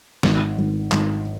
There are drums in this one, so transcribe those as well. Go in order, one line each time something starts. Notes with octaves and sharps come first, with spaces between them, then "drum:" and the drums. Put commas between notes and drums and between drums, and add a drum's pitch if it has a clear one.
G#1, drum: snare
G#1
G#1, drum: clap